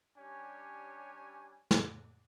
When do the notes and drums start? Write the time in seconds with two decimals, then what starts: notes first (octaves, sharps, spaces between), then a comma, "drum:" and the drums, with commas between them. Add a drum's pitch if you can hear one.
0.18 G3 C#4 D4 G4 C#5 G#5
1.71 drum: snare